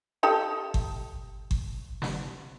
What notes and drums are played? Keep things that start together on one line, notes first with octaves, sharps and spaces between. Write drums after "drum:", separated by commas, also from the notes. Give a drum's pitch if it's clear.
D#4 G4 A4
drum: kick G1
drum: kick G1
drum: snare